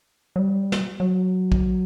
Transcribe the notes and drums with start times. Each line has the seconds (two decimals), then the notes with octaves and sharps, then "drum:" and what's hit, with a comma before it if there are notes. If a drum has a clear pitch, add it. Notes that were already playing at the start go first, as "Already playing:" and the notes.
0.36 F#3
0.39 G3
0.72 drum: snare
1.00 F#3
1.52 drum: kick